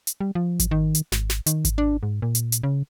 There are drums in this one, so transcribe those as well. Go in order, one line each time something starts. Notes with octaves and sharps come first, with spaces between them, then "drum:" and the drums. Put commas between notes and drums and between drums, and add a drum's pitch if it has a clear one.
drum: hi-hat
G3
F3
drum: kick G#1, hi-hat
D#3
drum: hi-hat
G#1, drum: snare
drum: snare
D#3, drum: hi-hat
drum: kick G#1, hi-hat
D4
G#2
A#2
drum: hi-hat
drum: hi-hat
C#3